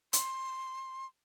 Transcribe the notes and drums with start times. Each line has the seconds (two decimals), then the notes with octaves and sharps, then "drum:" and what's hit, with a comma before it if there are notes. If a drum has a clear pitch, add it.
0.13 C6, drum: hi-hat